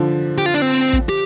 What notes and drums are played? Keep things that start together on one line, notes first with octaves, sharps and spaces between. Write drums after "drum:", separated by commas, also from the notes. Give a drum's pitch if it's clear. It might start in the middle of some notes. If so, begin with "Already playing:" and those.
Already playing: D3 F3
G4
F4
D4
C4
drum: kick
G4